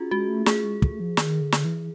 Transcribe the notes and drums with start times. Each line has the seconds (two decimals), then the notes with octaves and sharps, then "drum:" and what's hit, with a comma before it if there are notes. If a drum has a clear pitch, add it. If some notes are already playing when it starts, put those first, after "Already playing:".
Already playing: C#4 F4 F#4 G#4
0.11 G#3 F#4
0.28 A3
0.46 A3 G#4, drum: snare
0.64 G#3
0.82 A3, drum: kick
1.00 F3
1.17 D#3, drum: snare
1.41 D3
1.52 drum: snare
1.65 E3